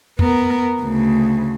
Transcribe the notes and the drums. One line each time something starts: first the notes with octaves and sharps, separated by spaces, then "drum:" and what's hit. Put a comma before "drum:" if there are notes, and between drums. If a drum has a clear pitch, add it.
B3 A#4, drum: tom E2
D2 C#3